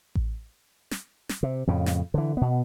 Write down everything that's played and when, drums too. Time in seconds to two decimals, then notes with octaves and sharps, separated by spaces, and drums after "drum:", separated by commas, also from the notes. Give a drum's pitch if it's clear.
0.15 drum: kick A1
0.91 drum: snare
1.29 drum: snare
1.43 C3
1.67 F2 A2 C#3
1.86 drum: snare
2.14 D3 E3
2.37 B2 B3